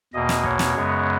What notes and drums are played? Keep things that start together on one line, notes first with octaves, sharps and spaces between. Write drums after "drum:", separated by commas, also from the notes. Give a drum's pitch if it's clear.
E2 B2 A#3 D#5
drum: snare
C#5, drum: kick
drum: snare
F#2 C#3 G#3 B3